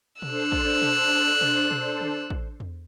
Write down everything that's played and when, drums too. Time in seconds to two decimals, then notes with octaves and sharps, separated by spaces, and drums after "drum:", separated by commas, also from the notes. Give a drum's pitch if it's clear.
0.22 D4 A4 C5 E6 F#6, drum: tom B2
0.52 drum: kick
0.82 drum: tom B2
1.41 drum: tom B2
1.71 drum: tom B2
2.01 drum: tom D3
2.30 drum: kick
2.60 drum: tom E2